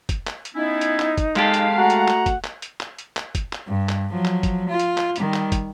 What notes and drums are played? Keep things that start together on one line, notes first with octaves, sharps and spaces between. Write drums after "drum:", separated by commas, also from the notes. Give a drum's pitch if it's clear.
drum: kick, hi-hat
drum: clap
drum: hi-hat
B3 C#4 D#4 E4
drum: hi-hat
drum: clap
drum: kick, hi-hat
G#3 G4 A4 F5, drum: clap
drum: hi-hat
A3 F#4 F#5 A#5
drum: hi-hat
drum: clap
drum: kick, hi-hat
drum: clap
drum: hi-hat
drum: clap
drum: hi-hat
drum: clap
drum: kick, hi-hat
drum: clap
G2
drum: clap
F3 F#3
drum: clap
drum: kick, hi-hat
F4
drum: hi-hat
drum: clap
D#3 G3, drum: hi-hat
drum: clap
drum: kick, hi-hat